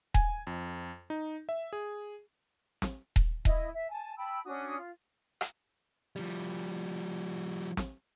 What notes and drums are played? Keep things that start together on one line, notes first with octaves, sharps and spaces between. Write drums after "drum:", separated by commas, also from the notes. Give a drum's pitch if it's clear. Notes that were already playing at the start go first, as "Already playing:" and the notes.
G#5, drum: kick D#1
F2
D#4
E5
G#4
drum: snare
drum: kick D#1
E4 D#5, drum: kick D#1
E5
G#5 A5
G5 A5 B5 E6
C#4 D4 F#4 D#6
F4
drum: rim click
F3 G3
drum: snare